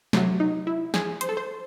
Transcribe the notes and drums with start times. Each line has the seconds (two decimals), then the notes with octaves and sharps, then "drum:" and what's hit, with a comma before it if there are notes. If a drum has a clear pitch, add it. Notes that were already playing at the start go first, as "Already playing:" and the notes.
0.13 C3 F#3 A3, drum: snare
0.40 D#4
0.67 E4
0.94 G#4, drum: snare
1.21 C5, drum: hi-hat
1.29 A4
1.37 C5